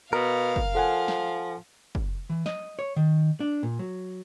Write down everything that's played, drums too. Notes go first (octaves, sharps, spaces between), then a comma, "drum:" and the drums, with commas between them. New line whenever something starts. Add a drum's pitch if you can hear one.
B2 A#4 F5
drum: kick
F3 A4 F#5 G#5
drum: snare
drum: kick
E3
D#5, drum: snare
C#5
D#3
D4
A#2
F#3